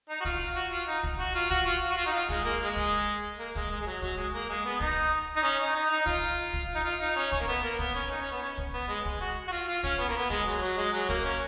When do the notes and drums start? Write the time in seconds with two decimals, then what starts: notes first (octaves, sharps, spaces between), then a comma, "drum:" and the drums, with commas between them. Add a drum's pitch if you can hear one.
0.10 D#4
0.21 F#4
0.25 F4, drum: kick
0.56 F#4
0.72 F4
0.88 D#4
1.04 drum: kick
1.19 F#4
1.35 F4
1.51 F#4, drum: kick
1.66 F4
1.90 F#4
1.98 F4
2.06 D#4
2.14 F4
2.29 G#3, drum: kick
2.45 A#3
2.61 G#3
2.76 drum: kick
3.39 A#3
3.56 G#3, drum: kick
3.71 G#3
3.81 G#3
3.86 F#3
4.02 F#3, drum: kick
4.17 G#3
4.34 A#3
4.49 G#3
4.65 B3
4.80 D#4, drum: kick
5.37 D#4
5.43 C#4
5.59 D#4
5.75 D#4
5.91 D#4
6.06 F4, drum: kick
6.53 drum: kick
6.75 D#4
6.84 F4
7.00 D#4
7.16 C#4
7.32 C#4, drum: kick
7.40 A#3
7.48 B3
7.64 A#3
7.79 B3, drum: kick
7.95 C#4
8.11 D#4
8.21 C#4
8.32 B3
8.42 C#4
8.58 drum: kick
8.74 B3
8.89 G#3
9.05 G#3, drum: kick
9.21 F#4
9.48 F#4
9.52 F4
9.68 F4
9.83 C#4, drum: kick
9.99 B3
10.08 A#3
10.17 B3
10.30 G#3, drum: kick
10.46 F#3
10.62 F#3
10.77 G#3
10.93 F#3
11.09 A#3, drum: kick
11.25 C#4